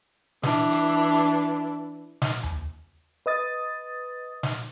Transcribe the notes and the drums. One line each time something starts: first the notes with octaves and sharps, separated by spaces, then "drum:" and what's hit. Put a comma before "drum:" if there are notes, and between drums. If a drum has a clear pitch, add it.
E3 D4, drum: snare
drum: hi-hat
drum: snare
drum: tom D#2
B4 D#5 D#6 A6
drum: snare